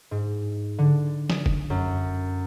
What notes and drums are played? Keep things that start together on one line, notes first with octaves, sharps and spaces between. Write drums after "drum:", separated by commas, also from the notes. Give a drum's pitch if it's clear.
G#2
D3
D#6, drum: snare F3
drum: kick
F#2